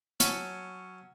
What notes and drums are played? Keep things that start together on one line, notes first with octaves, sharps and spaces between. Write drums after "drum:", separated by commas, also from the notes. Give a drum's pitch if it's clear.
F#3 C#4 A5, drum: hi-hat